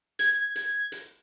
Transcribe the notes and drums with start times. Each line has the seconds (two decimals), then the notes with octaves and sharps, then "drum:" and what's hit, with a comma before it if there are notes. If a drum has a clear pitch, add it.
0.19 G#6, drum: hi-hat
0.56 drum: hi-hat
0.92 drum: hi-hat